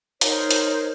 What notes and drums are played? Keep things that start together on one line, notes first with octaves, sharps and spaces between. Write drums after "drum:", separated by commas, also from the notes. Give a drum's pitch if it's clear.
D#4 A#4 C5 C#5, drum: hi-hat
drum: hi-hat